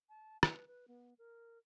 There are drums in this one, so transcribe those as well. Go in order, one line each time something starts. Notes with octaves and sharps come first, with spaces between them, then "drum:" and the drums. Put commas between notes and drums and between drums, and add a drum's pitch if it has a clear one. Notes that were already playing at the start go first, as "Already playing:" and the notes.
A5
B4, drum: rim click
B4
B3
A#4